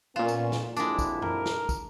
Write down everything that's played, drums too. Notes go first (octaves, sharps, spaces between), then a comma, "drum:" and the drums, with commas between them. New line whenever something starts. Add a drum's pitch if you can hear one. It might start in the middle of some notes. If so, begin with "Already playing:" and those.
A#2 B3 C#4 F4 E7
drum: tambourine
drum: snare
F2 F#3 G#3 D4 E4, drum: tambourine
drum: kick, tambourine
A#4, drum: tom F#2
drum: snare
drum: kick, tambourine